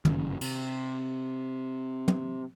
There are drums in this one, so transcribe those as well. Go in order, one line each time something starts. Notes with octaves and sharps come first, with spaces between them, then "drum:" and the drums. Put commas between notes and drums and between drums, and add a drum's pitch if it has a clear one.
G1 F#2 A#2 C#3, drum: tom
C3, drum: cymbal
drum: tom